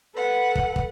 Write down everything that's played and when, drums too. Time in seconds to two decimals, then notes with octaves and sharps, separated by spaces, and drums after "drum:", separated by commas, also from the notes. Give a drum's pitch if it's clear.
0.15 A4 B4 F#5
0.55 drum: kick
0.76 drum: kick